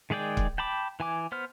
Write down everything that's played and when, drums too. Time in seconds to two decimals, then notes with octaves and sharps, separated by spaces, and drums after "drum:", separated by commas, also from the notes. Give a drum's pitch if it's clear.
0.10 D#3 G#3 G#4 D5 G5
0.37 drum: kick
0.58 G5 A5 B5 D6
1.00 E3 G#5 D6
1.32 B3 C5 F6